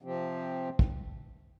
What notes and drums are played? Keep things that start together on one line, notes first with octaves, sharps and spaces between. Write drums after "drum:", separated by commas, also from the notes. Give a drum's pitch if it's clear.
C3 F3 C4 G4
drum: kick